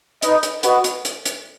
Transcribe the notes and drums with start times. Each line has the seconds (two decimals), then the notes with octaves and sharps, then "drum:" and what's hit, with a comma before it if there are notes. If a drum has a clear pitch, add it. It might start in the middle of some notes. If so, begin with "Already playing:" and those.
0.22 D#4 B4 D#5, drum: hi-hat
0.43 drum: hi-hat
0.63 F#4 B4 D#5 F#5, drum: hi-hat
0.84 drum: hi-hat
1.05 drum: hi-hat
1.25 drum: hi-hat